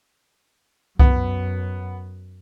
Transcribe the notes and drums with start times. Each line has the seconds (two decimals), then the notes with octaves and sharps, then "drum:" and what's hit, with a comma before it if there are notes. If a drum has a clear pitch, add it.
0.99 F#2 B3, drum: kick C2